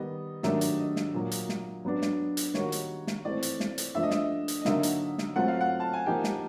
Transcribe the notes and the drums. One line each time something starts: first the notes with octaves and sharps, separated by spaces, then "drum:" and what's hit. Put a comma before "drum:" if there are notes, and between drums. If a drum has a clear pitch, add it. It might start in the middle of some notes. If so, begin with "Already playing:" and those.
Already playing: D#3 G3 B3 D#5
D#3 F#3 A3 D4 G4 E5, drum: snare
drum: hi-hat
D#5
drum: snare
A#2 F#3 A#3
drum: hi-hat
drum: snare
F#3 B3 D4
drum: snare
drum: hi-hat
D#3 G3 A#3 D#4 F#4 C#5, drum: snare
drum: hi-hat
drum: snare
E3 A3 C4 D5
drum: hi-hat
drum: snare
drum: hi-hat
F3 A3 D4 E5
D#5
E5, drum: snare
drum: hi-hat
D#5
D3 F#3 A#3 D#4 F#4 E5, drum: snare
drum: hi-hat
drum: snare
F#3 A3 C4 F4 F#5
F5
F#5
A5
G#5
F3 A#3 D#4 G4 G5
drum: snare